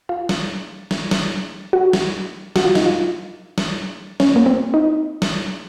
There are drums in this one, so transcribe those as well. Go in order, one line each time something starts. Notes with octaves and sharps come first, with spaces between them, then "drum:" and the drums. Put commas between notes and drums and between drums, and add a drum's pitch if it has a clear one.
F4
drum: snare
drum: snare
drum: snare
F#4
drum: snare
F#4, drum: snare
F4
D#4, drum: snare
F4
drum: snare
C#4, drum: snare
A#3
C4
D#4
drum: snare